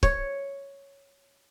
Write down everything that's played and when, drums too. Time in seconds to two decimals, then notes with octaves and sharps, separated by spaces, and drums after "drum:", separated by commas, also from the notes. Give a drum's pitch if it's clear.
0.03 C#5, drum: kick